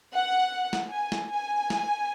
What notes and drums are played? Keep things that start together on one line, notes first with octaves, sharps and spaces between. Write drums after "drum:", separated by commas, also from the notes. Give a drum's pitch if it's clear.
F#5
drum: snare
G#5
drum: snare
G#5
drum: snare